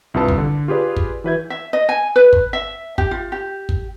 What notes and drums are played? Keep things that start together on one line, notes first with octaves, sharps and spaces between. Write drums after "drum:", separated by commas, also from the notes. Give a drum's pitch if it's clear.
C2 G2 F4 B4 A5 E6
drum: kick
D3
F4 G4 G#4 B4 D5
drum: kick
E3 F#4 B4 E5 G6 G#6
E5
D#5
G#5
B4
drum: kick
E5
G4, drum: kick
F4
G4
drum: kick